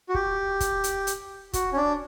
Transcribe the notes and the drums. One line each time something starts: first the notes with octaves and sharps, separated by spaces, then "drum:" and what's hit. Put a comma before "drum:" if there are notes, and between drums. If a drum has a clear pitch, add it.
F#4
G4, drum: kick
drum: kick, hi-hat
drum: hi-hat
drum: hi-hat
F#4, drum: kick, hi-hat
C#4
D4